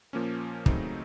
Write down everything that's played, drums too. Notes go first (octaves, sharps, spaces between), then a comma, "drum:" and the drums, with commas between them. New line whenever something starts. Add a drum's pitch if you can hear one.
A#2 F3 A#3 C#4
C#3 F#3 A3 C4 D#4, drum: kick